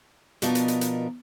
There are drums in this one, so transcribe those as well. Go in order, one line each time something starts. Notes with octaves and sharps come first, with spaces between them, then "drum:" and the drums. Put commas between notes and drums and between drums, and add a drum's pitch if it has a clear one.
B2 F3 D4 D#4 A#4 B4, drum: hi-hat
drum: hi-hat
drum: hi-hat
drum: hi-hat